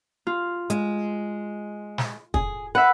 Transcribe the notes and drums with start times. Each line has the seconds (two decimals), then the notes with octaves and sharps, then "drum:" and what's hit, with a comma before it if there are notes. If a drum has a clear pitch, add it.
0.27 F4
0.70 G#3, drum: hi-hat
1.98 drum: snare
2.34 G#4, drum: kick
2.75 B4 E5 F#5